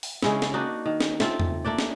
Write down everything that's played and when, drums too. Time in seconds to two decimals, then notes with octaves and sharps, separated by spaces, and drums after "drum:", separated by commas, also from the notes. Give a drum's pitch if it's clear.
0.03 drum: open hi-hat
0.23 C#3 G#3 C#4 E4, drum: snare
0.42 drum: snare
0.54 A#3 D4 D#4 F#4
0.86 D#3
1.01 drum: snare
1.20 A3 C4 F4, drum: snare
1.40 drum: tom E2
1.64 A3 A#3 D4 D5
1.79 drum: snare